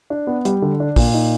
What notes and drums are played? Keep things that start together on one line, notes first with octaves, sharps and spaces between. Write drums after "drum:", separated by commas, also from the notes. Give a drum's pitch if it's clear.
D4
B3
G3, drum: hi-hat
D3
D4
A#2, drum: kick, open hi-hat
D#4